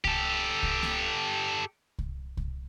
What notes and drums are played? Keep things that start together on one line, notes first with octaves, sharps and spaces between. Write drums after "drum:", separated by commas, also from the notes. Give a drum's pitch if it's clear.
G4 A4, drum: kick C2
drum: kick C2
drum: snare A#3
drum: kick C2
drum: kick C2